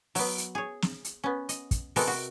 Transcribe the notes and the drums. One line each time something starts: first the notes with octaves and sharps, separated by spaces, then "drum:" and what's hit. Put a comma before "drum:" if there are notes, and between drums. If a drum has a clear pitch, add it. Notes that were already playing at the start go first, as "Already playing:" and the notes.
F#3 B3, drum: open hi-hat
drum: hi-hat
G#4 C#5
drum: snare
drum: hi-hat
B3 C#4
D#5, drum: hi-hat
drum: kick, hi-hat
C3 G#3 B3 F#4 A4 A#4, drum: open hi-hat
F#4